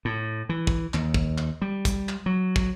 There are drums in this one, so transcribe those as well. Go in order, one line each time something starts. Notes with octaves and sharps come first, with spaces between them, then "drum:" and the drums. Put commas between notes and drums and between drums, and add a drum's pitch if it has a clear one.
A2
E3
drum: kick
D#2, drum: clap
drum: kick
drum: clap
G3
drum: kick, hi-hat
drum: clap
F#3
drum: kick